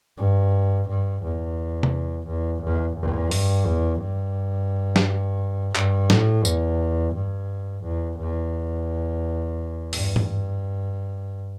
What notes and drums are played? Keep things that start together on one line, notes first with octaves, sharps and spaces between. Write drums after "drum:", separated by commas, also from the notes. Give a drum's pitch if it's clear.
G2
G2
E2
drum: tom C3
E2
E2
E2
G2, drum: open hi-hat
E2
G2
drum: snare
G2, drum: clap
A2, drum: snare
E2, drum: tambourine
G2
E2
E2
G2, drum: open hi-hat
drum: tom G#2